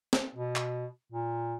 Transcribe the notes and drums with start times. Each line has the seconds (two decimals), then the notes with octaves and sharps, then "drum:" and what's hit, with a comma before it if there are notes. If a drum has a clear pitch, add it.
0.13 drum: snare
0.35 B2
0.56 drum: clap
1.12 A#2